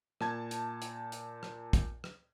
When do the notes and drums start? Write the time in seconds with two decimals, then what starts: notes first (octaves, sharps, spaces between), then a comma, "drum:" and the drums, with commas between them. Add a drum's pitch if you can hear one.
0.21 A#2 A5 G#6, drum: rim click
0.51 drum: hi-hat
0.82 drum: hi-hat
1.12 drum: hi-hat
1.43 drum: rim click
1.73 drum: kick, hi-hat
2.04 drum: rim click